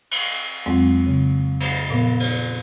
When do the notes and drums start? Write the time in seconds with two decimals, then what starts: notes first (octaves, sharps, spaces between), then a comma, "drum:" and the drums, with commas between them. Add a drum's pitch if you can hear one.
0.11 drum: cymbal
0.66 F2 F#3 G#3 C4
1.07 C#3
1.60 drum: cymbal
1.90 A#2 F3 B3
2.20 drum: cymbal